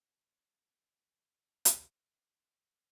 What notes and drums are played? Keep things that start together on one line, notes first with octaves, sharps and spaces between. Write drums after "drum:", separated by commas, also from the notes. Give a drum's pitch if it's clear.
D2 F#3 C4 C#4 B4 A#5
drum: hi-hat